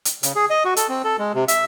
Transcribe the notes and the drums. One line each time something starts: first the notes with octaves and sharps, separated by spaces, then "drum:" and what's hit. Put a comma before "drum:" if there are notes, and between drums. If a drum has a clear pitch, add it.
drum: hi-hat
C#3, drum: hi-hat
G#4
D#5
F#4
A4, drum: hi-hat
C4
A4
G#3
C3
E5, drum: hi-hat